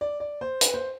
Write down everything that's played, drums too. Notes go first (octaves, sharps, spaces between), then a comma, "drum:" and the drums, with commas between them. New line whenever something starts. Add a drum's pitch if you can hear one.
D5
D5
C5
B4, drum: hi-hat
C5